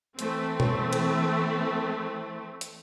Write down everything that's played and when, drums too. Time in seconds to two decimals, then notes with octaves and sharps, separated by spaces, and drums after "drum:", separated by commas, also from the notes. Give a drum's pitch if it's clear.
0.19 E3 A3 C4, drum: hi-hat
0.60 drum: tom B2
0.93 drum: cymbal
2.61 drum: hi-hat